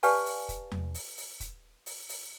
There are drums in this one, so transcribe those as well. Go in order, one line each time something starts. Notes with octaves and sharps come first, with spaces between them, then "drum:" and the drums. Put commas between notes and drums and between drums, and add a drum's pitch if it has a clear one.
G4 B4 D5 F5 G#5 A5, drum: open hi-hat
drum: open hi-hat
drum: kick, hi-hat
drum: tom E2
drum: open hi-hat
drum: open hi-hat
drum: kick, hi-hat
drum: open hi-hat
drum: open hi-hat